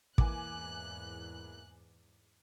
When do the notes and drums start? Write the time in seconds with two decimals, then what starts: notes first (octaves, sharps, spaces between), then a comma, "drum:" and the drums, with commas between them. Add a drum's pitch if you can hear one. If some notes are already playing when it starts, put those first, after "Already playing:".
0.18 E2 G#2 E3 A#3 G#5 D6 F#6, drum: kick